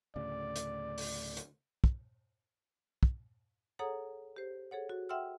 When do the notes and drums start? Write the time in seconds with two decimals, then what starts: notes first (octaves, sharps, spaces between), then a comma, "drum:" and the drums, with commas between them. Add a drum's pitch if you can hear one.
0.16 D2 A2 C#3 D5
0.56 drum: hi-hat
0.98 drum: open hi-hat
1.37 drum: hi-hat
1.84 drum: kick
3.03 drum: kick
3.79 G#4 A4 C#5 F#5 A#5 D#6
4.36 G4 C5
4.71 G#4 A4 C#5 F#5
4.89 F#4
5.09 E5 F#5 G5 C6 E6 F6